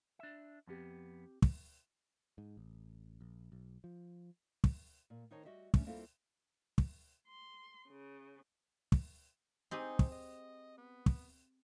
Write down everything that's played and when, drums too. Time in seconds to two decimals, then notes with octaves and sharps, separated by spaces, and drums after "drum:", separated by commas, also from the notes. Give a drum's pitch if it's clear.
0.19 D4 E5
0.67 F2 B3 C4 G4
1.42 drum: kick
2.38 G#2
2.57 A1
3.21 A#1
3.52 B1
3.84 F3
4.64 drum: kick
5.10 A#2
5.31 D#3 D#4 C5 C#5 A5
5.45 G3 F#4 D#5 E5
5.74 G3 A3 C#4 D4, drum: kick
5.86 G3 A#3 C4 E4 F4 A4
6.78 drum: kick
7.28 C6
7.89 C#3
8.92 drum: kick
9.71 C4 D#4 G4 G#4
9.99 drum: kick
10.12 D#5
10.77 B3
11.06 drum: kick